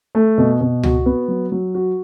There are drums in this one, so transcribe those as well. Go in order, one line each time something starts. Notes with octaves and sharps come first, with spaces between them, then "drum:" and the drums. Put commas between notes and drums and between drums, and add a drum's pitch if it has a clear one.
A3
B2
B2
F#4, drum: tom C#2
B3
F#3
F#3
F#4